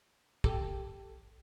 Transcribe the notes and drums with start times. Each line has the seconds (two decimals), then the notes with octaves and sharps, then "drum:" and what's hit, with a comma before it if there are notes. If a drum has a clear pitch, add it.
0.44 G4 A4, drum: kick